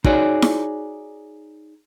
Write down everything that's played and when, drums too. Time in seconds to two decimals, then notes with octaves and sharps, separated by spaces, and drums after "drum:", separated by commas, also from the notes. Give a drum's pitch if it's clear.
0.04 D#4 F#4 G#4 C#5 D5, drum: kick
0.42 drum: snare E4